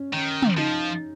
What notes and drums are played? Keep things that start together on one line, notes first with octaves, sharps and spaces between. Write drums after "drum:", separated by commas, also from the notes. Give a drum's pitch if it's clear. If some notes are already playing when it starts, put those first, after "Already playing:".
Already playing: C#4
D#3 C#4
drum: tom
F3 D#4